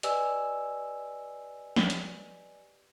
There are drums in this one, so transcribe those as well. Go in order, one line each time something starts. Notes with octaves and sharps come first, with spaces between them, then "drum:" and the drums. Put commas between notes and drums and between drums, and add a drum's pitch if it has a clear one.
G4 B4 D5 D#5 G#5 E6, drum: hi-hat
drum: snare
drum: hi-hat